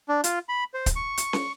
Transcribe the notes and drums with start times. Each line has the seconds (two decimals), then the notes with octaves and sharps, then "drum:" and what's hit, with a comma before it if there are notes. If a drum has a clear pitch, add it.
0.09 D4
0.24 F4, drum: hi-hat
0.49 B5
0.74 C5
0.86 drum: kick, hi-hat
0.96 C#6
1.17 drum: hi-hat
1.33 drum: snare C#4